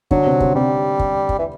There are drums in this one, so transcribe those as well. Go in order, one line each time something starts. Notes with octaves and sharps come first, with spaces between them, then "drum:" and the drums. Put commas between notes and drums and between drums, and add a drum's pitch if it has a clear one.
D3 F#3 D4, drum: kick
C3 C4
C3 C4, drum: kick
C3 G3 C4
drum: kick
drum: kick
E3